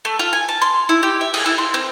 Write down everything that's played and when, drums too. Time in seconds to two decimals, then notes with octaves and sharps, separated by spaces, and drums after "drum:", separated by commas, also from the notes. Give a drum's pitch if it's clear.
0.05 A3
0.19 F4
0.33 G#5
0.49 A5
0.62 C6
0.89 E4
1.03 G4
1.21 E5
1.34 G#4, drum: cymbal
1.46 E4
1.58 C6
1.74 C4